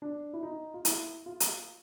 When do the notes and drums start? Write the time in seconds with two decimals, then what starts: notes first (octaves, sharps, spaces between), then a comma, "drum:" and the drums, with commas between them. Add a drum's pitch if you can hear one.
0.02 D4
0.33 E4
0.43 D#4
0.74 F4
0.85 E4, drum: hi-hat
1.26 F4
1.40 drum: hi-hat